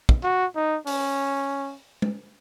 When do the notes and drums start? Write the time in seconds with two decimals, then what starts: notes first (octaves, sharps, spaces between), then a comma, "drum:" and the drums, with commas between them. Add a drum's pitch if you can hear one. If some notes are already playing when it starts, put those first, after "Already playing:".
0.09 drum: kick
0.23 F#4
0.56 D#4
0.87 C#4, drum: open hi-hat
2.02 drum: tom